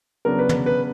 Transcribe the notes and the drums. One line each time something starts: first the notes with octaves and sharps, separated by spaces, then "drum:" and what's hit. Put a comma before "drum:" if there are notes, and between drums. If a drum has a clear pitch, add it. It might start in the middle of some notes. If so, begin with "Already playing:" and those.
C#3 F#3 B3 D4 A#4
B4
drum: tom
B4